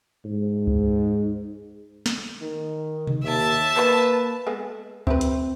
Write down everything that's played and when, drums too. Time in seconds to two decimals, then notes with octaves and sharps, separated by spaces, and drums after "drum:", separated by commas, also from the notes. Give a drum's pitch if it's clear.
0.25 G#2
0.67 drum: kick D2
2.06 drum: snare
2.42 D#3
3.07 drum: tom B2
3.24 D#2 E5 A5
3.77 A#3 B4, drum: clap
4.47 G#3 B3 A4
5.07 C4 E4 G4 B4, drum: kick D2
5.21 drum: hi-hat